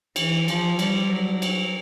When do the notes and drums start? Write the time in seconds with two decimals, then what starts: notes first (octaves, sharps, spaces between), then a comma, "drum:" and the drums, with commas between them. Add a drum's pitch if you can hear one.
0.16 E3, drum: cymbal
0.48 F3, drum: cymbal
0.79 G3, drum: cymbal
1.10 F#3
1.42 drum: cymbal